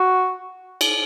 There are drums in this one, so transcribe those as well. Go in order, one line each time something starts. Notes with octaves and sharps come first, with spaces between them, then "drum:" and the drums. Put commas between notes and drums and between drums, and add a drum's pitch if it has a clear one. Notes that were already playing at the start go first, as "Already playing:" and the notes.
Already playing: F#4
drum: cymbal